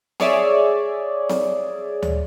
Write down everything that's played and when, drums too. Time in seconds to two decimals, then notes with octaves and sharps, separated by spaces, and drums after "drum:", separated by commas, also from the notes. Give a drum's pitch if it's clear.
0.20 G#4 C#5 D5 E5, drum: snare C4
1.29 drum: snare C4
2.02 drum: tom D2